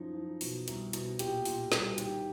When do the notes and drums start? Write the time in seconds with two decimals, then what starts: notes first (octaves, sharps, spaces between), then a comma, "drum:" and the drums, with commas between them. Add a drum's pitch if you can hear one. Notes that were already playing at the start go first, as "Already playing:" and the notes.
Already playing: F#2 F3 D#4
0.14 F3
0.41 B2, drum: open hi-hat
0.68 C2, drum: hi-hat
0.93 B2, drum: hi-hat
1.19 A#2 G4 G5, drum: hi-hat
1.45 A#2, drum: open hi-hat
1.72 C2, drum: snare
1.98 D#3 G4 G5, drum: hi-hat